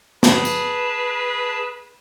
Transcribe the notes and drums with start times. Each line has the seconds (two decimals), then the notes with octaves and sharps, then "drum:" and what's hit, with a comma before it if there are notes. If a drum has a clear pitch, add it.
0.23 G#4 B4 A5, drum: snare
0.45 drum: tambourine